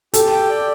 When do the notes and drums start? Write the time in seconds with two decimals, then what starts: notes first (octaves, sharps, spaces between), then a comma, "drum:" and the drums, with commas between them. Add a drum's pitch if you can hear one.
0.14 G4 A4, drum: hi-hat
0.32 G5
0.49 D5